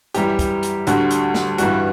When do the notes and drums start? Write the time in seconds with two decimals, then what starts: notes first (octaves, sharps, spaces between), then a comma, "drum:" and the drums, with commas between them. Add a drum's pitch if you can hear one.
0.14 F#2 E3 G3 G4, drum: hi-hat
0.39 drum: kick C2, hi-hat
0.63 drum: hi-hat
0.87 D2 D3 G3 F#4, drum: hi-hat
1.11 drum: hi-hat
1.34 drum: snare
1.58 G2 E3 G3 F#4, drum: hi-hat